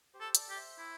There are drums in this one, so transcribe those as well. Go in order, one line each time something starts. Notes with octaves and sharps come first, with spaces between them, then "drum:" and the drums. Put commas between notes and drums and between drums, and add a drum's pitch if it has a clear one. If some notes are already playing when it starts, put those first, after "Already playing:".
G4 C5
A4
A4 D5, drum: hi-hat
G4
C5 E5
E4